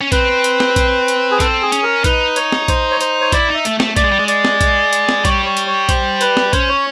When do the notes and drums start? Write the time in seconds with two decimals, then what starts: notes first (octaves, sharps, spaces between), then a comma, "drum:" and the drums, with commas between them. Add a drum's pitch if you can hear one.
0.01 C#4
0.12 C4 B4, drum: kick A#1, hi-hat
0.44 drum: hi-hat
0.60 drum: snare
0.76 drum: kick A#1, hi-hat
1.08 drum: hi-hat
1.31 G#4
1.40 C4 A4, drum: kick A#1, hi-hat
1.62 G#4
1.72 C#4, drum: hi-hat
1.83 A#4
2.04 D#4 B4, drum: kick A#1, hi-hat
2.36 C#5, drum: hi-hat
2.52 drum: snare
2.68 C5, drum: kick A#1, hi-hat
2.91 C#5
3.01 C5, drum: hi-hat
3.21 C#5
3.32 E4 D5, drum: kick A#1, hi-hat
3.48 D#4
3.54 E5
3.65 A3, drum: hi-hat
3.80 A3, drum: snare
3.96 A3 D5, drum: kick A#1, hi-hat
4.04 G#3
4.12 G3
4.20 G#3
4.28 D5, drum: hi-hat
4.45 drum: snare
4.61 drum: kick A#1, hi-hat
4.93 drum: hi-hat
5.09 drum: snare
5.25 G3 C#5, drum: kick A#1, hi-hat
5.46 C#5
5.57 drum: hi-hat
5.67 C#5
5.89 C5, drum: kick A#1, hi-hat
6.21 B4, drum: hi-hat
6.37 drum: snare
6.53 C#4 C5, drum: kick A#1, hi-hat
6.69 C#5